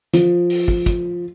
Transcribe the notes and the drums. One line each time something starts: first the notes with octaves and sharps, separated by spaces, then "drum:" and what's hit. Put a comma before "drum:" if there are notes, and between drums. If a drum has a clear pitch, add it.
F3, drum: hi-hat
drum: open hi-hat
drum: kick
drum: kick, hi-hat